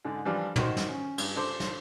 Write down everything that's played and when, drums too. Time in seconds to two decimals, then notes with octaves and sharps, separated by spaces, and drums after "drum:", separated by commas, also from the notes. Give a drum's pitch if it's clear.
0.05 G#2 D3 D#4
0.25 E3 F3 G3 D4 F4
0.56 D#3 F#4 C5, drum: tom
0.77 drum: snare
0.89 C#4
1.18 G2, drum: cymbal
1.36 D4 A4 C5 D5
1.60 drum: snare